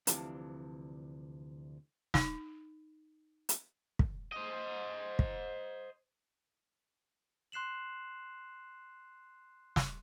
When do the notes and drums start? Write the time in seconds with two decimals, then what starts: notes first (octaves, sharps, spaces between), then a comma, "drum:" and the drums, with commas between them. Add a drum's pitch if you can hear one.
0.07 D2 C3 E3 F3 D4, drum: hi-hat
2.14 D#4, drum: snare
3.49 drum: hi-hat
3.99 drum: kick
4.32 C5 D#5
5.19 drum: kick
7.52 C6 F#6 C7 E7 F#7
9.76 drum: snare